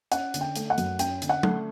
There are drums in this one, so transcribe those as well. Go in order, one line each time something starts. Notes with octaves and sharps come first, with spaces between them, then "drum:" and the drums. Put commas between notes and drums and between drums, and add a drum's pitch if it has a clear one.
C#4 F#5, drum: hi-hat
D3, drum: hi-hat
G5
A3, drum: hi-hat
F#5
F#2, drum: hi-hat
C#4 G5, drum: hi-hat
D3, drum: hi-hat
F#5
A3, drum: tom F#3